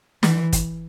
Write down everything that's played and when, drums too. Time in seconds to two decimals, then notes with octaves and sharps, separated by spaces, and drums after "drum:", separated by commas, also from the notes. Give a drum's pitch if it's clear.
0.23 E3, drum: snare
0.53 drum: kick, hi-hat